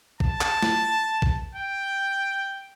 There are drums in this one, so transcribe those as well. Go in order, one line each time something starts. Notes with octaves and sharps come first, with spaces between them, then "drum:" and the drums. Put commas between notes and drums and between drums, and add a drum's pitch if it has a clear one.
A5, drum: kick
drum: clap
drum: snare
drum: kick
G5